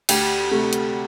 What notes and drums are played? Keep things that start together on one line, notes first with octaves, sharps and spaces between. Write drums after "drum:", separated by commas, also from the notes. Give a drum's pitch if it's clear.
D2 G4, drum: cymbal
C3 A3
drum: hi-hat